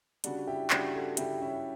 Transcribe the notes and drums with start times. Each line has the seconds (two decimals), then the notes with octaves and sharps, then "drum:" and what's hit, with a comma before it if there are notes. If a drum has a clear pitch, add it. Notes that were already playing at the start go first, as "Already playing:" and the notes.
0.24 C#3 G3 D4 F#4, drum: hi-hat
0.47 E4 G4
0.70 C#3 G3 D4 F#4, drum: clap
0.94 F#4 A4
1.17 C#3 G3 E4 G4, drum: hi-hat
1.41 C#4 E4